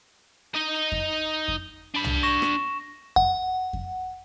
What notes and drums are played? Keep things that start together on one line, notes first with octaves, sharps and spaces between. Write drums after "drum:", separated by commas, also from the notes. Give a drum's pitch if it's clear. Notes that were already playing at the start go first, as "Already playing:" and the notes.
D#4 D#5
drum: kick F2
drum: kick F2
D4 B5
drum: tom
C#6 A#6 E7
drum: rim click
F#5, drum: kick F2
drum: kick F2